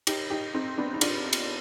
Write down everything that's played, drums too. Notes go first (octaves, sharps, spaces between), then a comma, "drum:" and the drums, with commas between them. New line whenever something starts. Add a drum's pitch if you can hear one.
D#4 G4, drum: cymbal
D#4 G4
C4 D#4
B3 D4
D#4
D4 F4, drum: cymbal
drum: cymbal